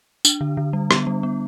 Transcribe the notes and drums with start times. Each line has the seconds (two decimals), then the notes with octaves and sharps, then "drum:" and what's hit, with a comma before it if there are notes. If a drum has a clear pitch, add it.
0.25 D4, drum: tambourine
0.41 D3
0.57 D3
0.73 G3
0.91 B3, drum: rim click
1.07 G3
1.23 B3